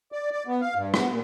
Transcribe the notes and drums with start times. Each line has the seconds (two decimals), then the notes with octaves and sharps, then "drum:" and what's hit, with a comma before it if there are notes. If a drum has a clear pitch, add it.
0.12 D5
0.32 D5
0.47 B3
0.61 F5
0.75 G2
0.94 B3, drum: rim click
1.09 A#2